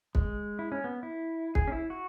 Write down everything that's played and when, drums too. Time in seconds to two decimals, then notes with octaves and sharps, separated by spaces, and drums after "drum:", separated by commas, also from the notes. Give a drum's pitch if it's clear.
0.15 G#3, drum: kick
0.59 E4
0.72 C#4
0.84 B3
1.03 E4
1.55 G#4, drum: kick
1.68 C#4
1.72 E4
1.90 F#4